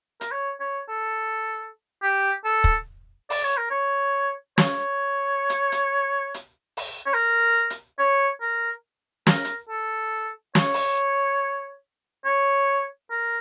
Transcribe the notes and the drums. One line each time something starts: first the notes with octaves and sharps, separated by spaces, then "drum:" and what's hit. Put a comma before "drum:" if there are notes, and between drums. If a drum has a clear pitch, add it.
A#4, drum: hi-hat
C#5
C#5
A4
G4
A4
drum: kick
D5, drum: open hi-hat
C#5
A#4
C#5
C#5, drum: snare
drum: hi-hat
drum: hi-hat
drum: hi-hat
drum: open hi-hat
C#5
A#4
drum: hi-hat
C#5
A#4
A#4, drum: snare
drum: hi-hat
A4
C#5, drum: snare
drum: open hi-hat
C#5
A#4